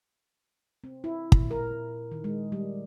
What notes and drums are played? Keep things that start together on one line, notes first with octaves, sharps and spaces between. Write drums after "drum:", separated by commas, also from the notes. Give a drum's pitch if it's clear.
C4
E4
A#2, drum: kick
A#4
D#3
G#3
G3